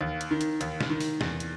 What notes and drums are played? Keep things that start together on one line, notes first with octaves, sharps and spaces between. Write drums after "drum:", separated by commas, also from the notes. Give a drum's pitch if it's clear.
D#2
drum: hi-hat
D#3
drum: hi-hat
D#2, drum: hi-hat
drum: snare
D#3
drum: open hi-hat
E2, drum: snare
drum: hi-hat